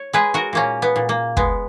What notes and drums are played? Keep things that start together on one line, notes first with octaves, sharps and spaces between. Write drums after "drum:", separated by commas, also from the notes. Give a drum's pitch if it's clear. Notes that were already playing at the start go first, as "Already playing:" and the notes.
Already playing: C#5
G#3 G#4 B4
F#4 A#4
A#2 A#3 C#4
B3
A#2
A#3
G#3 B3, drum: kick